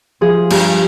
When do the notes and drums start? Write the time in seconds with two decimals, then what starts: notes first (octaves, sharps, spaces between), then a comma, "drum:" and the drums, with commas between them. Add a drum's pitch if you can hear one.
0.21 F3 G#4
0.50 G2, drum: cymbal